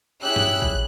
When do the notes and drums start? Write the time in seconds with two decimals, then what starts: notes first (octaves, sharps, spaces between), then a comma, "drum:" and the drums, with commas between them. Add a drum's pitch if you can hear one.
0.23 C#4 E4 G4 G#4 E6 F#6
0.36 drum: tom G2
0.62 drum: kick A1